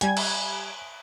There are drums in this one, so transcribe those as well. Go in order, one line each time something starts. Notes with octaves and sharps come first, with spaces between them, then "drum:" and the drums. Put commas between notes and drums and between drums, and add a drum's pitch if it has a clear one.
G3 G#5 G#6, drum: hi-hat
drum: cymbal